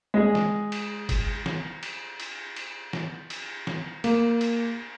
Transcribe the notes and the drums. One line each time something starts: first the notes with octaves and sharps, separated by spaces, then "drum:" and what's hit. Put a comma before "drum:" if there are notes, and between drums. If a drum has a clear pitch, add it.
G#3 G#4
drum: snare
drum: cymbal
drum: kick F#1, cymbal
drum: snare
drum: cymbal
drum: cymbal
drum: cymbal
drum: snare
drum: cymbal
drum: snare
A#3, drum: cymbal
drum: cymbal